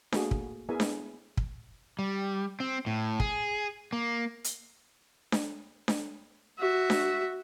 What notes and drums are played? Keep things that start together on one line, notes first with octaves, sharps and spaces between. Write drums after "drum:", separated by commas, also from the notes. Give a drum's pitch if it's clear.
A3 A#3 F#4 G#4, drum: snare D4
drum: kick
B3 E4 G#4 A#4 E5 G#5
drum: snare D4
drum: kick
G3
C4
A2
G#4, drum: kick
A#3
drum: hi-hat
drum: snare D4
drum: snare D4
F#4 E5
drum: snare D4